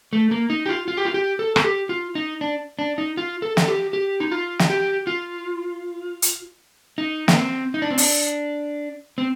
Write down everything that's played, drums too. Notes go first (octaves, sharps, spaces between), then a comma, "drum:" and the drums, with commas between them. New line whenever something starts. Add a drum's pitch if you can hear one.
A3
A#3
D#4
G4
F4
F4
G4
F4
G4
A4
A4, drum: rim click
G4
F4
D#4
D4
D4
D#4
F4
A4
A4, drum: snare
G4
G4
D#4
F4
drum: snare
G4
F4
drum: hi-hat
D#4
A#3, drum: snare
C4
D#4
D4
C4
D4, drum: open hi-hat
C4